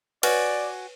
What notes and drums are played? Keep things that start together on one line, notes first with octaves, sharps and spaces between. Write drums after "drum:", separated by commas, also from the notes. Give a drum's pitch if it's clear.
F#4 B4 C#5 D5 G#5, drum: cymbal